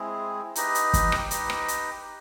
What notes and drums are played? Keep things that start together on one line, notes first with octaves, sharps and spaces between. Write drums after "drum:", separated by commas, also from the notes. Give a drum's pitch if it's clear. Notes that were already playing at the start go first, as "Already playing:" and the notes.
Already playing: G#3 C4 E4 G#4
D#4 G4 B4 D#5, drum: hi-hat
drum: hi-hat
drum: kick, hi-hat
drum: rim click
D#4 G4 B4 D#5, drum: hi-hat
drum: rim click
drum: hi-hat